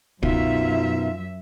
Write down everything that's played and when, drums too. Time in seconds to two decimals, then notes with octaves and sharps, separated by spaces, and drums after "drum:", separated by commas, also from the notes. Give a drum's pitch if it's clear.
0.23 F#2 B2 F#3 D#4 F4 E5, drum: kick